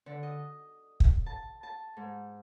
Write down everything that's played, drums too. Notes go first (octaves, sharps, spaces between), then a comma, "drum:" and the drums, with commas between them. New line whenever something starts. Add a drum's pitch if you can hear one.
D3
D#5
drum: kick
A5
A5
G#2